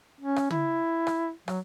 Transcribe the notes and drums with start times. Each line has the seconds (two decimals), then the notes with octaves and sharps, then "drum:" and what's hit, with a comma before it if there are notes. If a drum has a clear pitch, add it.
0.21 C#4
0.36 drum: rim click
0.50 E4, drum: tom
1.07 drum: rim click
1.48 F#3, drum: rim click